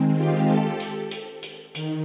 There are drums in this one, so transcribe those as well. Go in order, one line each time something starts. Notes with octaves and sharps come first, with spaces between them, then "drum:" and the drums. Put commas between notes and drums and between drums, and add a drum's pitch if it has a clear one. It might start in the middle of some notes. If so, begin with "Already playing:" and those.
Already playing: D#3 G#3 C4
F4 G4
G4 A4
drum: hi-hat
drum: hi-hat
drum: hi-hat
D#3, drum: hi-hat